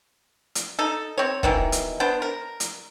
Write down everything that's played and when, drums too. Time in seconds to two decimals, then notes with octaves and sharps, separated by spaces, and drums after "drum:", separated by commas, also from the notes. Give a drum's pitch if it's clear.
0.55 drum: hi-hat
0.79 D#4 A4
1.18 C4 C#5
1.43 B2 D#3 E3, drum: kick
1.72 drum: hi-hat
2.00 B3 D4 C5
2.22 A#4
2.60 drum: hi-hat